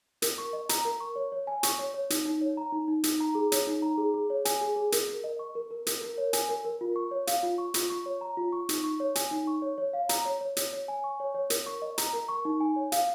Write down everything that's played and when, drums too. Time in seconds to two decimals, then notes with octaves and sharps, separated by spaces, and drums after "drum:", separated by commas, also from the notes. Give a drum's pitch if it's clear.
0.22 A#4, drum: hi-hat
0.38 C#6
0.53 D#5
0.69 A#5, drum: hi-hat
0.85 A#4
1.00 C#6
1.16 C#5
1.32 C#5
1.47 G#5
1.63 C#6, drum: hi-hat
1.79 C#5
1.94 C#5
2.10 D#4, drum: hi-hat
2.25 D#4
2.41 C#5
2.57 A#5
2.72 D#4
2.88 D#4
3.04 D#4, drum: hi-hat
3.20 A#5
3.35 G#4
3.52 C#5, drum: hi-hat
3.67 D#4
3.82 A#5
3.98 G#4
4.14 G#4
4.30 C#5
4.45 G#5, drum: hi-hat
4.61 G#4
4.76 G#4
4.92 A#4, drum: hi-hat
5.08 A#4
5.24 D#5
5.39 C#6
5.55 A#4
5.71 A#4
5.87 A#4, drum: hi-hat
6.01 A#4
6.18 C#5
6.33 G#5, drum: hi-hat
6.49 A#4
6.65 A#4
6.81 F4
6.96 C#6
7.11 C#5
7.27 F5, drum: hi-hat
7.43 F4
7.58 C#6
7.74 F4, drum: hi-hat
7.90 C#6
8.06 C#5
8.21 A#5
8.37 F4
8.52 C#6
8.69 D#4, drum: hi-hat
8.84 C#6
9.00 C#5
9.15 G#5, drum: hi-hat
9.31 D#4
9.47 C#6
9.62 C#5
9.78 C#5
9.93 F5
10.09 A#5, drum: hi-hat
10.25 C#5
10.41 C#5
10.57 C#5, drum: hi-hat
10.73 C#5
10.88 G#5
11.04 C#6
11.20 C#5
11.35 C#5
11.50 A#4, drum: hi-hat
11.66 C#6
11.82 D#5
11.98 A#5, drum: hi-hat
12.13 A#4
12.29 C#6
12.45 D#4
12.60 G#5
12.76 C#5
12.92 F5, drum: hi-hat